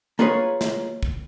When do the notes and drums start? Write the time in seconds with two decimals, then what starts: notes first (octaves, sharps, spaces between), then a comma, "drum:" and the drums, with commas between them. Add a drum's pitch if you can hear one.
0.19 A#3 F4 G#4 B4 C#5
0.61 drum: snare
1.03 drum: kick